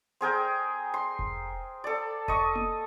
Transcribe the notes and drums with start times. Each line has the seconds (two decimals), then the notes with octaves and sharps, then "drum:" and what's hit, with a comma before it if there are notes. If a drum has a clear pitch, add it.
0.21 C4 G#4 A#4 G5
0.94 C6
1.19 drum: kick F1
1.84 A4 D5
2.28 D#5 C#6, drum: kick F1
2.55 drum: tom A#3